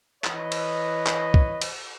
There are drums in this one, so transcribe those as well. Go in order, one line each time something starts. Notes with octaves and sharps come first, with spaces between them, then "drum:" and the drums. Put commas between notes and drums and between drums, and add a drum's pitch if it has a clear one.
E3 B4 C#5 D#5, drum: clap
drum: cymbal
drum: clap
drum: kick
drum: cymbal